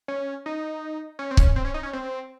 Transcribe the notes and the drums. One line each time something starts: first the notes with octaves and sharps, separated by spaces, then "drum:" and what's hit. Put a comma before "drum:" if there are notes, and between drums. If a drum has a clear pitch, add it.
C#4
D#4
C#4
C4
C#4, drum: kick C#1
C4
C#4
D#4
C#4
C4